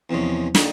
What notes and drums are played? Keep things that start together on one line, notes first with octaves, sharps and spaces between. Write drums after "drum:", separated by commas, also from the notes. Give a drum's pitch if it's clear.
E2 C3 F3 G#3 C#4
D3 G3 A#3 D#4, drum: snare